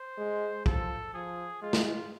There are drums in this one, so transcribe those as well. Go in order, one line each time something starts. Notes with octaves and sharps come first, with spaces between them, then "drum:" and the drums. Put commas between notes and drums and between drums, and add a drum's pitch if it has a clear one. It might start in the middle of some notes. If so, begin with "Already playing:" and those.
Already playing: C5
G#3
F3 A4, drum: kick
F3 G#4
G#3 F4
drum: snare E4